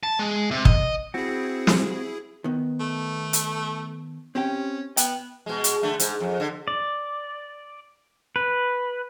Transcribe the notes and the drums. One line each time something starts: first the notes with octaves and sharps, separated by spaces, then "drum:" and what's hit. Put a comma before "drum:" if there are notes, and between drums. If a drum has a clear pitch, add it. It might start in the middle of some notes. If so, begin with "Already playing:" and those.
A5
G#3
C3
D#5, drum: kick
C4 E4 F#4 G#4
drum: snare
D#3 B3
A3
drum: hi-hat
C4 C#4 G4 G5
B3 G5, drum: hi-hat
B2 G#3
drum: hi-hat
D3 A3
G#2, drum: hi-hat
F2
D3
D5
B4